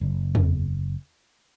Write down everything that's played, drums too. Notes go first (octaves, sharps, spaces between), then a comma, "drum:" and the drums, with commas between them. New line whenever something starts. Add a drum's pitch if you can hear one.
F#1
drum: tom E2